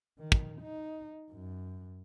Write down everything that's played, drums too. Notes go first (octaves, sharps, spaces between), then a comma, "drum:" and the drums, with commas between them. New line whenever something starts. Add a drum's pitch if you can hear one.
D#3
drum: kick
D#4
F#2